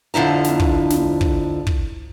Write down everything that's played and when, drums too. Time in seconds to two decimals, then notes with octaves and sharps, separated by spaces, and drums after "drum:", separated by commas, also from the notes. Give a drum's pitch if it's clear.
0.14 F2 D3 F3 E4 A#5
0.44 drum: snare
0.60 drum: kick
0.90 drum: snare
1.21 drum: kick
1.67 drum: kick